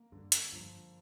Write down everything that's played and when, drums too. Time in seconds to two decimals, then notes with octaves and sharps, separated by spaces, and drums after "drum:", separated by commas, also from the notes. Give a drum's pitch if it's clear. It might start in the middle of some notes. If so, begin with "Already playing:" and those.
Already playing: A#3
0.12 G2 D3
0.32 drum: hi-hat
0.52 G2 F3